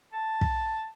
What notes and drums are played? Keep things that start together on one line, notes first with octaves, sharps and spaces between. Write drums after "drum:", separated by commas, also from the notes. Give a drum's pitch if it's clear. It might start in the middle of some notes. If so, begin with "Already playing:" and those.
A5
drum: kick